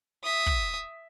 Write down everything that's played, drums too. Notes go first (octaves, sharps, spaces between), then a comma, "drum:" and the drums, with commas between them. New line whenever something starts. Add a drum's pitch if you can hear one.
E5 D#6
drum: kick